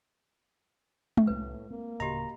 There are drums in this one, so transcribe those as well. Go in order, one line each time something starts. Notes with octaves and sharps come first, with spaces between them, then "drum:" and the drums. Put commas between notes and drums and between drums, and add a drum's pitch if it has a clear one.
drum: tom G#3
C2 A2 F#3 B4
A#3 C4
D1 A2 C#3 F#4 G4 D#5 A#5